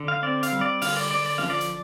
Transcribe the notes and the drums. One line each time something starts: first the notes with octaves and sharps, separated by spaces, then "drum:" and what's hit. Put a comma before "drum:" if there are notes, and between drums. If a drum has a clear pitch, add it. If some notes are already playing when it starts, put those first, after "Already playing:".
Already playing: D3
F5
C4 D5
F5, drum: hi-hat
G3
D5
D3 F5, drum: open hi-hat
D5
D3 D5
D5
F3 F5, drum: snare
D5
drum: hi-hat